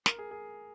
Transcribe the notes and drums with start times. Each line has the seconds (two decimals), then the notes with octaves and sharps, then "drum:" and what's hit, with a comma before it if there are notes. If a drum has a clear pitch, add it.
0.06 A#4, drum: snare
0.19 G#4
0.31 G#4